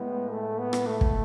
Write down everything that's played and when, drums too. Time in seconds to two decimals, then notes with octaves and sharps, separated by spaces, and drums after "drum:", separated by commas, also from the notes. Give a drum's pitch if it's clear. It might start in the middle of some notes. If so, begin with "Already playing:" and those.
Already playing: A2 G#3 B3
0.31 A3
0.58 B3
0.73 drum: rim click
0.86 A3
1.01 drum: kick